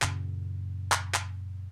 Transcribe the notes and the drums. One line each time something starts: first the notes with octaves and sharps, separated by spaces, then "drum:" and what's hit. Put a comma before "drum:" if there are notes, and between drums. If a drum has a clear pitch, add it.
F#2 A#2 C#3, drum: clap
drum: clap
drum: clap